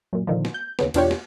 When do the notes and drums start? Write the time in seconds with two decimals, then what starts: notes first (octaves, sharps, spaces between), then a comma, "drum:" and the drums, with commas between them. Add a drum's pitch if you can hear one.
0.13 F#2 A#2
0.27 A#2 D3 D#3 F3
0.45 drum: snare
0.54 G6
0.79 D#2 C#3 B3, drum: snare
0.94 E2 B2 D4 F4 G4 C#5, drum: cymbal
1.11 drum: snare